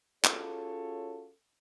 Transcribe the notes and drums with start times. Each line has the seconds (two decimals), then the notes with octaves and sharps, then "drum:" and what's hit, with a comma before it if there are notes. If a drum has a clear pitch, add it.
0.24 C#4 F4 F#4 G#4 A4 C#5, drum: clap